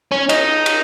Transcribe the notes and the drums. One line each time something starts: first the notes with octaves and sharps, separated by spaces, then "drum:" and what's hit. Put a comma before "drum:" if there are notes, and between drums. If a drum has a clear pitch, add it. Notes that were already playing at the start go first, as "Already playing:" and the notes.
C#4
D#4, drum: cymbal
drum: cymbal